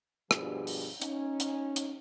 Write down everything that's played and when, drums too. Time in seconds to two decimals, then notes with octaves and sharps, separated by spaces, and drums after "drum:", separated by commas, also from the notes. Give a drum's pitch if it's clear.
0.31 G2 B2 F3 D4 G4 G#4, drum: rim click
0.67 drum: open hi-hat
1.02 C#4 D#4, drum: hi-hat
1.40 drum: hi-hat
1.76 drum: hi-hat